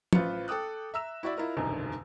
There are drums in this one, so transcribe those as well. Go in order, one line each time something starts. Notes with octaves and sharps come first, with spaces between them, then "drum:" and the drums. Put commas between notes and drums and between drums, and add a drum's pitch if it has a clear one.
A1 F4 B4 C5 C#7, drum: tom
A4 G5 D6 D#6 F#6
E5 A#5 E6 E7
E4 F#4 D5 E5
E4 F4 A#4 D#5
E1 C2 F#2 D3 D#3